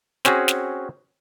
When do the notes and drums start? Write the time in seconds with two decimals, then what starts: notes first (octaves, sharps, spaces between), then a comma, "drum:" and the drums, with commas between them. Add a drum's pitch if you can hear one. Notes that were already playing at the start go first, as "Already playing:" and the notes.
0.25 C4 C#4 F#4 G#4, drum: snare
0.48 drum: snare